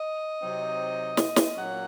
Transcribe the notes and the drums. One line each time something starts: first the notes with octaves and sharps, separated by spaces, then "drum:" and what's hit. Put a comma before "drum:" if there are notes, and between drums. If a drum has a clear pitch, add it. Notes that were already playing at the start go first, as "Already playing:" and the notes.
Already playing: D#5
C3 F#3 C4 D#4
drum: snare
drum: snare
A#2 F#3 A#3 C#4 F#5